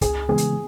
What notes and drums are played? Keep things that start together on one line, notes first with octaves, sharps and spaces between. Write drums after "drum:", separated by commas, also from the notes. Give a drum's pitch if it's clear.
C#2 G#4, drum: kick, hi-hat
C#3 E3 G#3 B3 G#4
drum: hi-hat